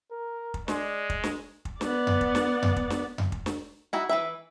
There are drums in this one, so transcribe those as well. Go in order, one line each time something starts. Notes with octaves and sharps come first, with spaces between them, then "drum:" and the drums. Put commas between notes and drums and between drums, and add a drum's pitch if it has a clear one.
A#4
drum: kick
G#3 D5, drum: snare
drum: kick
drum: snare
drum: kick
B3 D5, drum: snare
drum: tom F2
drum: kick
drum: snare
drum: tom F2
drum: kick
drum: snare
drum: tom F2
drum: kick
drum: snare
D#4 E4 F#4
E3 B4 E5